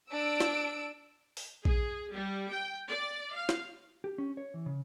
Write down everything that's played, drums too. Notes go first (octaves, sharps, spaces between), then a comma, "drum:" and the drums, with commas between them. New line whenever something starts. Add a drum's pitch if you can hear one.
D4 E6 D7
drum: snare
drum: open hi-hat
G#4, drum: kick A#1
G3
G5
D5
F5
drum: snare
G4
C#4
C#5
E3
C#3